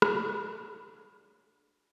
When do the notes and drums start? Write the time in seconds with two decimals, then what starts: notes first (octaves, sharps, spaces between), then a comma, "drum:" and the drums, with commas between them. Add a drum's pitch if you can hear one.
0.02 B1 D3, drum: rim click
0.57 F#4 A4 A#4 D5 E5 D6
0.94 D4 F4 F#4 G#4 C#5